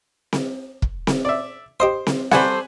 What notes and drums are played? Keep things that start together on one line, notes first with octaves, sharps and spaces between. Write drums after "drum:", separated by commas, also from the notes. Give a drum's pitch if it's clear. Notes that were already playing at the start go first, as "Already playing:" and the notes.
drum: snare C4
drum: kick
drum: snare C4
D5 E5
G4 C5 D#5 F5
drum: snare C4
G3 A3 C5 F#5 G#5 B5, drum: snare C4